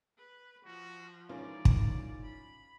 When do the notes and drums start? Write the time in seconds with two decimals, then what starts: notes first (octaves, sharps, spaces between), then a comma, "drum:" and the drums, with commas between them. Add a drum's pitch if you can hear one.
0.18 B4
0.65 F3 F#4
1.29 G#2 D#3 E3 C#4 F4 A#4 D5
1.65 drum: kick
2.23 B5